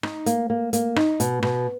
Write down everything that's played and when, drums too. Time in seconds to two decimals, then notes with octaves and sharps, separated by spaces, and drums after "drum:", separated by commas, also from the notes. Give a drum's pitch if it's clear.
0.03 D#4, drum: rim click
0.26 A#3, drum: hi-hat
0.50 A#3
0.73 A#3, drum: hi-hat
0.96 D#4, drum: rim click
1.20 B2, drum: hi-hat
1.43 B2, drum: rim click